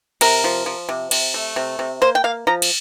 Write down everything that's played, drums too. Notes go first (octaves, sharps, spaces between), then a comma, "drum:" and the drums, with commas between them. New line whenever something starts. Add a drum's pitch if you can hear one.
C3 A#4, drum: cymbal
F3
F3
C3
C3, drum: cymbal
A3
C3
C3
A#3 C5
G5
A#3 F5
F3 A#5
drum: cymbal